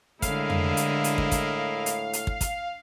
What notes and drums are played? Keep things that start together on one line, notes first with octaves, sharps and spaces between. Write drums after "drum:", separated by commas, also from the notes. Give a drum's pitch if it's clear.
A2 D3 G#3 E4 A#4 D#5 F5, drum: kick, hi-hat
drum: tom F2
drum: hi-hat
drum: hi-hat
drum: kick
drum: kick, hi-hat
drum: hi-hat
drum: hi-hat
drum: kick
drum: kick, hi-hat